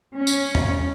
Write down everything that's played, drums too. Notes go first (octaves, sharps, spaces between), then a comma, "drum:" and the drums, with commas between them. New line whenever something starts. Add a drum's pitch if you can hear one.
C#4
drum: tambourine
drum: tom E2